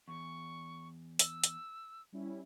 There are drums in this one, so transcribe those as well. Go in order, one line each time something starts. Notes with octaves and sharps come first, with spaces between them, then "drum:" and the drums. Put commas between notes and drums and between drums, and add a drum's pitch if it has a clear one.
E2 C#6
E6, drum: hi-hat
drum: hi-hat
G3 C#4 E4